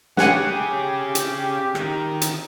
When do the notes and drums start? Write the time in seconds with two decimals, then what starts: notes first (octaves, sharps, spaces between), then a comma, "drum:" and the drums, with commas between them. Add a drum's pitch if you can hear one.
0.17 C#4 G4 G#4 F#5 G#5, drum: snare
1.15 drum: hi-hat
1.75 D#3, drum: rim click
2.21 drum: hi-hat